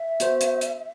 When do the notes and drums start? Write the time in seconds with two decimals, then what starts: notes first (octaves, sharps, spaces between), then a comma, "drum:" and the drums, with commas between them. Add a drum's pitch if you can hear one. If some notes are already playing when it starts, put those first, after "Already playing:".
Already playing: E5
0.20 B3 F#4 C5, drum: hi-hat
0.41 drum: hi-hat
0.61 drum: hi-hat